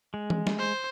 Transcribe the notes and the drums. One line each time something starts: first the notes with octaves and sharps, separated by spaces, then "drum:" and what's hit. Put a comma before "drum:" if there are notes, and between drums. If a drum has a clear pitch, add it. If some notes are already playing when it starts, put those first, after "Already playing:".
G#3
drum: tom E3
drum: snare
C5